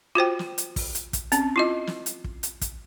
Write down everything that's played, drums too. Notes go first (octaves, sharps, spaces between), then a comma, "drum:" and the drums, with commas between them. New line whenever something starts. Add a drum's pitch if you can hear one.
F4 F#4 C5 G5
drum: snare
drum: hi-hat
drum: kick, open hi-hat
drum: hi-hat
drum: kick, hi-hat
C4 C#4, drum: hi-hat
E4 F4 D#5
drum: snare
drum: hi-hat
drum: kick
drum: hi-hat
drum: kick, hi-hat